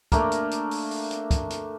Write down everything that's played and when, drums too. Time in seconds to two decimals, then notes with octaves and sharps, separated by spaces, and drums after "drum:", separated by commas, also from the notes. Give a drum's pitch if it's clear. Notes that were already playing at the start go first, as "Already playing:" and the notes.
0.12 A3 A#3 D4 A#4, drum: kick, hi-hat
0.32 drum: hi-hat
0.51 drum: hi-hat
0.71 drum: open hi-hat
0.91 drum: open hi-hat
1.11 drum: hi-hat
1.31 drum: kick, hi-hat
1.50 drum: hi-hat